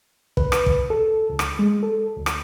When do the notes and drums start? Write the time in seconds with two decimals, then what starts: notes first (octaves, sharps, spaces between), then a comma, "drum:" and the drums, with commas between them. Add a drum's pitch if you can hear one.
0.37 B4, drum: kick
0.52 drum: rim click
0.66 drum: kick
0.90 A4
1.30 C#2
1.39 drum: rim click
1.59 G#3
1.83 A4
2.17 D2
2.26 drum: rim click